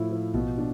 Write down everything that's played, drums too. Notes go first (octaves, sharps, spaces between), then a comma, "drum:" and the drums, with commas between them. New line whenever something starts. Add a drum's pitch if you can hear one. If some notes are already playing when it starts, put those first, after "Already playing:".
Already playing: A2 F3 E4
F3
B2, drum: kick A#1
D4